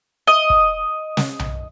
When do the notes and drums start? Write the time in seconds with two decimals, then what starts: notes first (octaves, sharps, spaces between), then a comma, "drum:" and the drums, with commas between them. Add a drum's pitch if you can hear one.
0.27 D#5
0.50 drum: kick
1.17 drum: snare
1.39 drum: tom B1